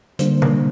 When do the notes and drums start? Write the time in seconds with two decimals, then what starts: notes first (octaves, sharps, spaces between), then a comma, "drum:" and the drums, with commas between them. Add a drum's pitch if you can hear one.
0.19 D3 G3 A#3 D4 C5, drum: hi-hat
0.42 A#4, drum: tom B2